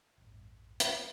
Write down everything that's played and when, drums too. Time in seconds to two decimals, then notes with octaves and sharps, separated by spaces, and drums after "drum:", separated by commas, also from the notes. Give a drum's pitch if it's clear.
0.18 A1 E2 G2
0.80 drum: hi-hat